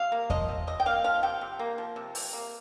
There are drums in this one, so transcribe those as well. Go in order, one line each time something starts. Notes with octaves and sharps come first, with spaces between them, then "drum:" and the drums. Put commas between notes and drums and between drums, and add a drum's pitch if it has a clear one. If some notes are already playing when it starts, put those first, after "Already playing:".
Already playing: C3 F5
A#3
F3 D#5, drum: kick E2
C3
C3 D#5
G5
A#3 F5
F3 F5
C3 G5
C3
A#3
F3
C3
C3, drum: open hi-hat
A#3